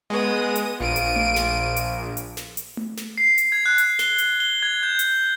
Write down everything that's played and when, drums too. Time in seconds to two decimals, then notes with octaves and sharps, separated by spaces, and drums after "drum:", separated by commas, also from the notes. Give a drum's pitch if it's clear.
0.10 G#3 B3 D#6
0.56 drum: hi-hat
0.80 A#1 F4 D7 D#7
0.96 drum: hi-hat
1.16 drum: tom A3
1.36 drum: snare
1.76 drum: hi-hat
2.17 drum: hi-hat
2.37 drum: snare
2.57 drum: hi-hat
2.77 drum: tom A3
2.97 drum: snare
3.18 C7
3.38 drum: hi-hat
3.52 G#6
3.66 F#6
3.78 drum: hi-hat
3.99 G7, drum: snare
4.18 drum: hi-hat
4.40 G7
4.63 G#6
4.83 G6
4.99 drum: hi-hat